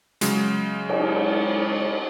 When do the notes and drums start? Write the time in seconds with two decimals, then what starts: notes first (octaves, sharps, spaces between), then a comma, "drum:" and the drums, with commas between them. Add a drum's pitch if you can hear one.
0.21 C#3 F#3 G#3, drum: hi-hat
0.89 drum: cymbal